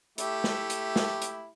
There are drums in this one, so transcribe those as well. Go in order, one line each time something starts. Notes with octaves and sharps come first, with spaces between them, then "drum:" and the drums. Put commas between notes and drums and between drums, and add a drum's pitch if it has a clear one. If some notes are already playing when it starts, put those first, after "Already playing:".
A3 E4 G4, drum: hi-hat
drum: snare
drum: hi-hat
drum: snare
drum: hi-hat